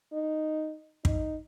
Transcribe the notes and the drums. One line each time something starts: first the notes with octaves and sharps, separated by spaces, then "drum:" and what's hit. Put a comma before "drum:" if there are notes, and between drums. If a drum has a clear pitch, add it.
D#4
D#4, drum: kick